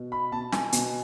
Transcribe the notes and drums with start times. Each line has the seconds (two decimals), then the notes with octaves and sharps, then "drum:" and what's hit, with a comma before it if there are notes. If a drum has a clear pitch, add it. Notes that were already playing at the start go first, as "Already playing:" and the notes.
Already playing: B2
0.12 B5
0.32 B2 A5
0.52 G#5, drum: snare
0.72 B2 G#5, drum: hi-hat